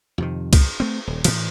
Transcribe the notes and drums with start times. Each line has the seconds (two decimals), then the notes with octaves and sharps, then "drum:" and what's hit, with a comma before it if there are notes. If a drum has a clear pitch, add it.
0.18 F2 C3 D#3
0.53 drum: kick, cymbal
0.80 A3 C4
1.07 D#1
1.24 A2 E3, drum: cymbal